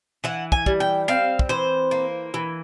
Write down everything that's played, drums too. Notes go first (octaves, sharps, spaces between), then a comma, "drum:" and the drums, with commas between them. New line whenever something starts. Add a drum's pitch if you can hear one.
E3 F#5
G#5, drum: kick
G3, drum: kick
G5
C4 F5
drum: kick
E3 C5
A#3
E3